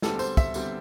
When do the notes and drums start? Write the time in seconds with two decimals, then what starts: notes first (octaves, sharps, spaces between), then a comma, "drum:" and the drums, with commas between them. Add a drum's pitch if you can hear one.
0.02 E2 D3 G3 C4 A4, drum: snare
0.19 C5, drum: tambourine
0.37 E5, drum: kick, tambourine
0.54 E2 D3 G3 C4, drum: tambourine